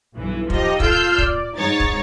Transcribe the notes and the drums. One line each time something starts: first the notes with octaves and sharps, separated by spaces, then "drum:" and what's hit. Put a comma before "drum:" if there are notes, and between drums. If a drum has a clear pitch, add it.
B1 G2 E3
F3 D#4 G4 D#5, drum: kick
F4 A4 E6 F6 G6, drum: kick
D5, drum: kick
G#2 D#4 C#5 A6
drum: kick